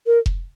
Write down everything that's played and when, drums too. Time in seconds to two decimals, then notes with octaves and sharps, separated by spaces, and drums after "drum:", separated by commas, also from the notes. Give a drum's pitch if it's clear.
0.06 A#4
0.26 drum: kick F1